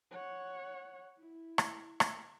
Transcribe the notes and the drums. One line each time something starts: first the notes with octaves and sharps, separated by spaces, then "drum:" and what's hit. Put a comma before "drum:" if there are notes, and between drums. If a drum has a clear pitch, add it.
C#5 F#5
E4
drum: rim click
drum: rim click